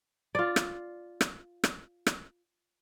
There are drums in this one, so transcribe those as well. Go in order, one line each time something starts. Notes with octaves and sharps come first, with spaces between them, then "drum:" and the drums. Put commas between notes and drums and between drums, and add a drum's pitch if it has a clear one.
F4 D5
drum: rim click
drum: rim click
drum: rim click
drum: rim click